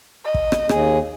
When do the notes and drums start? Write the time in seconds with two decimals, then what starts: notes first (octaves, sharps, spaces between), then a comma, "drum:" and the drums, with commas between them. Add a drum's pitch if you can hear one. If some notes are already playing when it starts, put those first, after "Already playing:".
0.25 D#5
0.34 drum: kick
0.52 drum: rim click
0.69 D#2 G#4, drum: rim click